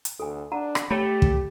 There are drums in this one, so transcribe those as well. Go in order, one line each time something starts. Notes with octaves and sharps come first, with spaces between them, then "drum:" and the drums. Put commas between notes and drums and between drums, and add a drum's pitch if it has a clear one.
drum: hi-hat
D2 A4 G#5
D4 F#5 A5 A#5
drum: rim click
A3 G4 C#5 B5
drum: kick